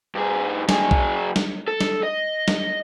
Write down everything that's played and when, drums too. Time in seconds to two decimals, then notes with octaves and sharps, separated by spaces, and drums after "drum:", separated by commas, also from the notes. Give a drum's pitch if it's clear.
0.15 G2 G#4
0.69 F#3 G#4, drum: snare
0.91 drum: kick B1
1.36 drum: snare
1.68 A4
1.81 drum: snare
2.03 D#5
2.48 drum: snare